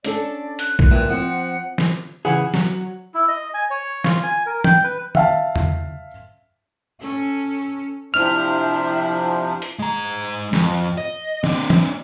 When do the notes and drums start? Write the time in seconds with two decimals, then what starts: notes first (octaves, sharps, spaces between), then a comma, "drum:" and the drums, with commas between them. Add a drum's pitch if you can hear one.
0.04 C#4 D4 A4 D5, drum: hi-hat
0.59 F#6, drum: hi-hat
0.79 drum: kick
0.91 G2 A#2 E3
1.09 F3 C4 F#5
1.78 drum: snare
2.25 C#3 E3 G#4 F#5
2.54 F#3, drum: snare
3.14 E4
3.28 D#5
3.54 G#5
3.70 C#5
4.04 F4, drum: snare
4.23 G#5
4.46 A#4
4.64 G5, drum: tom E3
4.83 B4
5.15 E5 F5 A5, drum: tom
5.56 drum: tom E2
7.00 C#4 A4
8.14 C3 F3 D4 E4 F6
9.62 drum: hi-hat
9.79 G#3 A#5
10.53 F2, drum: snare
10.98 D#5
11.44 C4 D4, drum: tom
11.70 drum: tom E3